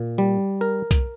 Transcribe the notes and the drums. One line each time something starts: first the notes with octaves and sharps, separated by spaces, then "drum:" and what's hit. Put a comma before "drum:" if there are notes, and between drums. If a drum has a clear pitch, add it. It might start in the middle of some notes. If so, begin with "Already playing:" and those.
Already playing: A#2
G3
A#4
drum: kick, hi-hat